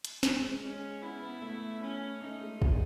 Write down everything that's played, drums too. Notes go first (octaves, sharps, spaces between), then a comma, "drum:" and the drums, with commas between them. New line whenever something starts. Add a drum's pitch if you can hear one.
drum: hi-hat
G#3, drum: snare
G#3 C#4
B3 E4
B3
A3
C#4
A3 D#4
G#3
F#3, drum: kick